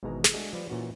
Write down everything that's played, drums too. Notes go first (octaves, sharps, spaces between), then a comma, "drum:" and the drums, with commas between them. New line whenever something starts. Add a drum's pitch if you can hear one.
G#1 G#2 B2 E3 G#3 A#5
drum: snare
G#3 A3 D4 F#4 G#4 A4
F3 G3 B4 D5
A#2 E3 C#4 F#4